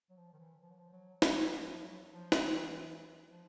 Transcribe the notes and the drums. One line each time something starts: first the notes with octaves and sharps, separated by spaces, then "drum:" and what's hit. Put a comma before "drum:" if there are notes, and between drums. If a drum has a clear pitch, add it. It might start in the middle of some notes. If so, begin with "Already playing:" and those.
F#3
F3
D#3
E3
F3
F#3
F3
F#3
F3, drum: snare
F3
F3
F#3
F3
drum: snare
E3
F3